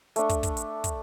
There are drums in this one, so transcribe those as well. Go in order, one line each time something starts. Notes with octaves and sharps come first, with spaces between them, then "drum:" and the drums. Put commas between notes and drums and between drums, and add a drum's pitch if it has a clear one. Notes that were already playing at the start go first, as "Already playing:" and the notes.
A3 D4, drum: hi-hat
drum: kick, hi-hat
drum: kick, hi-hat
drum: hi-hat
drum: kick, hi-hat